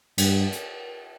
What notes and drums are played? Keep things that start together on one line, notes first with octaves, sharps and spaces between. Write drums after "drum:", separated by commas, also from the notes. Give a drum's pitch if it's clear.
G2, drum: cymbal
drum: hi-hat